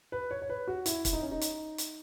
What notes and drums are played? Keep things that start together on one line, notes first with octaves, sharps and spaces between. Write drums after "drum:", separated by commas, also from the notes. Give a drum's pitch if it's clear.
B4
C#5
C#5
B4
F#4
E4, drum: hi-hat
E4, drum: kick, hi-hat
D#4
C#4
D#4
drum: hi-hat
drum: hi-hat